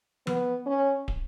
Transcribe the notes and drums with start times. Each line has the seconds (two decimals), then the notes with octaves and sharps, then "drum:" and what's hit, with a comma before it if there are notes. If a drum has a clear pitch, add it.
0.27 B3, drum: tom F3
0.67 C#4
1.08 drum: kick